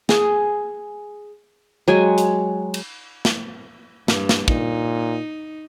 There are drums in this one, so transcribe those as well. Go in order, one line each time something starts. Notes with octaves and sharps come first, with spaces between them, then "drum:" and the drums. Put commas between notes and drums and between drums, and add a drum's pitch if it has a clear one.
G#4, drum: snare
F#3 G#3 G5 G#5
drum: hi-hat
drum: cymbal
drum: snare
G2, drum: snare
drum: snare
A#2 D#4, drum: kick